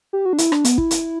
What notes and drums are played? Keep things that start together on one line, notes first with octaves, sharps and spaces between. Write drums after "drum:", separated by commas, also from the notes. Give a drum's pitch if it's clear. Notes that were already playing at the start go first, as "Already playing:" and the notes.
G4
F#4
D4
E4, drum: hi-hat
D4, drum: rim click
B3, drum: hi-hat
E4, drum: kick
drum: hi-hat